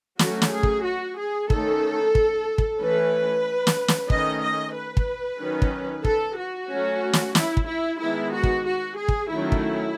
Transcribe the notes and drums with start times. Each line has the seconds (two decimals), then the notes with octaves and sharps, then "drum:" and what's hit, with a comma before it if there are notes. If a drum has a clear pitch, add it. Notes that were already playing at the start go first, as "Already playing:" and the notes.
0.19 F#3 A3 C#4 F#4, drum: snare
0.42 drum: snare
0.52 G#4
0.63 drum: kick
0.85 F#4
1.18 G#4
1.50 D#3 A3 C#4 A4, drum: kick
2.15 drum: kick
2.58 drum: kick
2.80 E3 A3 C#4 B4
3.67 drum: snare
3.88 drum: snare
4.10 D#3 A3 C#4 D#5, drum: kick
4.43 D#5
4.75 B4
4.97 drum: kick
5.40 D#3 F#3 C#4
5.62 drum: kick
6.05 A4, drum: kick
6.37 F#4
6.70 F#3 A3 C#4
7.13 drum: snare
7.35 E4, drum: snare
7.57 drum: kick
7.67 E4
8.00 D#3 G#3 B3 E4
8.33 F#4
8.43 drum: kick
8.66 F#4
8.97 G#4
9.08 drum: kick
9.30 D#3 F#3 A3 C#4 E4
9.52 drum: kick